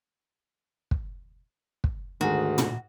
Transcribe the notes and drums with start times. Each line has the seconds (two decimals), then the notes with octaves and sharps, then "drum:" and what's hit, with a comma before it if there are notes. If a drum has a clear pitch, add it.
0.91 drum: kick
1.84 drum: kick
2.21 D2 G#2 D#3 F#4 G#4
2.58 drum: tom